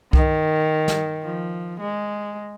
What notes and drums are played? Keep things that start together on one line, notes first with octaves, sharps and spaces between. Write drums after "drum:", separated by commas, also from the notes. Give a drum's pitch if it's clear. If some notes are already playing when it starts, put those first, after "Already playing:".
D#3, drum: kick C2
drum: snare
F3
G#3